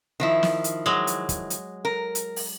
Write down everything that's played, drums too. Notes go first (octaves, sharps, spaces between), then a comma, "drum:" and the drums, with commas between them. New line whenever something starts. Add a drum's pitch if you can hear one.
D#3 F3 E4
drum: snare
drum: hi-hat
F#3 G#3
drum: hi-hat
drum: kick, hi-hat
drum: hi-hat
A#4
drum: hi-hat
drum: open hi-hat